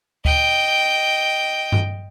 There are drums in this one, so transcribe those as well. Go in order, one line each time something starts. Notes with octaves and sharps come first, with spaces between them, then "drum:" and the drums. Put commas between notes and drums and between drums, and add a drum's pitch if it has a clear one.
D#5 G5, drum: kick D2
drum: tom G2